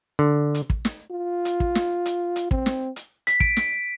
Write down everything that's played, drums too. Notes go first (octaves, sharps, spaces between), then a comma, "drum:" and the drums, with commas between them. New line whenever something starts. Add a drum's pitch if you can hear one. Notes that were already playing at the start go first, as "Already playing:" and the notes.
D3
drum: hi-hat
drum: kick
drum: snare
F4
drum: hi-hat
drum: kick
drum: snare
drum: hi-hat
drum: hi-hat
C4, drum: kick
drum: snare
drum: hi-hat
B6, drum: hi-hat
D7, drum: kick
drum: snare